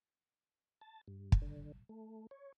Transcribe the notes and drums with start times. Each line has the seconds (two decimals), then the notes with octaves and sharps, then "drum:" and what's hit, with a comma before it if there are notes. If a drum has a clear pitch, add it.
0.81 A5
1.08 G2
1.32 drum: kick
1.42 D3
1.89 A3
2.31 C#5